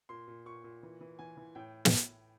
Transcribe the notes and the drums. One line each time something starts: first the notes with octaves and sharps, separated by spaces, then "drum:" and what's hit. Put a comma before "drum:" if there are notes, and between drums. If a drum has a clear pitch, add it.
A#2 C6
A#2
A#2 C#6
A#2
E3
E3
E3 G#5
E3
A2 G5
drum: snare